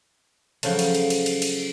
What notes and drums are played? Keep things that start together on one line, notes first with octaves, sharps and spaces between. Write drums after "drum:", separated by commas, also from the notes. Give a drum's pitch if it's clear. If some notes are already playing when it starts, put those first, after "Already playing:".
C#3 F3 F#3 A3, drum: cymbal
drum: cymbal
drum: cymbal
drum: cymbal
drum: cymbal
drum: cymbal